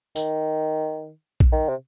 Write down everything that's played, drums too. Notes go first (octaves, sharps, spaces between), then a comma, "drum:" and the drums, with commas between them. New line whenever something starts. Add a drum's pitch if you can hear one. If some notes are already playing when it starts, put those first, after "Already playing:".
D#3, drum: tambourine
drum: kick A#1
D#3
C3